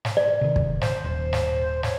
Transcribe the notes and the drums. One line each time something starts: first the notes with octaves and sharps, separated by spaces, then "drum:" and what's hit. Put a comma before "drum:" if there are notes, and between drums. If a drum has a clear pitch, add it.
drum: snare
D5
C3 D#3
drum: kick
C5, drum: snare
D#1 C5
drum: snare
C#5, drum: snare